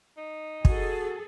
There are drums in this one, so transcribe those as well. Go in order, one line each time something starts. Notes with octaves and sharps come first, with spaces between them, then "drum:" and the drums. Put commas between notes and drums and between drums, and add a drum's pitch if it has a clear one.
D#4
F#4 G#4 A4, drum: kick